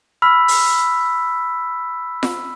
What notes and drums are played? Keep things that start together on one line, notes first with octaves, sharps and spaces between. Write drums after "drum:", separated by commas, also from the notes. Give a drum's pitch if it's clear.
B5 E6 F6 B6
drum: open hi-hat
drum: snare F4